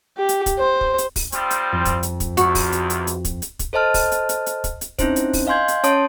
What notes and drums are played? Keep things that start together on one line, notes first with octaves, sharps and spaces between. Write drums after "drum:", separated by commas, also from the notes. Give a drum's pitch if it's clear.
G4
drum: hi-hat
drum: kick, hi-hat
C5
drum: kick
drum: hi-hat
drum: kick, open hi-hat
F3 G3 C4, drum: hi-hat
drum: hi-hat
F2
drum: kick, hi-hat
drum: hi-hat
drum: kick, hi-hat
E2 G#2 F#4, drum: hi-hat
drum: kick, open hi-hat
drum: hi-hat
drum: hi-hat
drum: hi-hat
drum: kick, hi-hat
drum: hi-hat
drum: kick, hi-hat
A4 C5 D#5 A5 F6
drum: kick, open hi-hat
drum: hi-hat
drum: hi-hat
drum: hi-hat
drum: kick, hi-hat
drum: hi-hat
C4 C#4 D#4 E4 C5, drum: kick, hi-hat
drum: hi-hat
drum: kick, open hi-hat
D#5 F5 G#5 C6 G6 G#6
drum: hi-hat
C#4 C#5 A5 C6 D#6 D7, drum: hi-hat